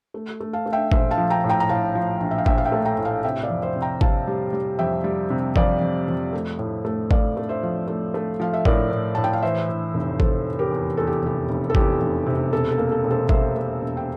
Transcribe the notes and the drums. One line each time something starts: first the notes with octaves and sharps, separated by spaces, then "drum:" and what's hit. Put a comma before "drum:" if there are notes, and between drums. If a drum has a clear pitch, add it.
A3
A3
F5 A5
A3
E5 G5
A#1 C5 E5, drum: kick G#1
F5 A5
F3
G5 A#5
A2
G5 A#5
A#5
A2 F5 A5
F3
A#1
E5
F5
A#1 E5 G5, drum: kick G#1
F5
E5 G5
A3
G5 A#5
A2
F5 A5
C3 E5 G5
D5 F5
F2
C5 E5
C3
G5 A#5
C3 F5 A5, drum: kick G#1
G3
G3
F2 E5 G5
G3
C3
F2 D5 F5, drum: kick G#1
F2
F2
A3
A2
A3
A3 D5 F5, drum: kick G#1
A3
C5 E5
F3
A3
A3
F3 F5
E5
A2 A#4 D5, drum: kick G#1
A2
A2 A5
G5
F5
E3 C5 E5
E3
F1
F1 A4 C5, drum: kick G#1
E3
G4 A#4
E2
E2 A4
G4
F1 G4
F1
A4
E2 G4, drum: kick G#1
F1
C3
E1 A4
A4
A#3
A4
E1
A4 C5
A#3 C5 E5, drum: kick G#1
A#3
E1
G5